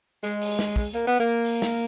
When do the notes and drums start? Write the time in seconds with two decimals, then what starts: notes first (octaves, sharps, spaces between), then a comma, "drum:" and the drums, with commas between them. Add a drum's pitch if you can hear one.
0.24 G#3, drum: hi-hat
0.42 drum: open hi-hat
0.59 drum: snare
0.76 drum: kick
0.93 A#3, drum: hi-hat
1.07 B3
1.20 A#3
1.45 drum: open hi-hat
1.62 drum: snare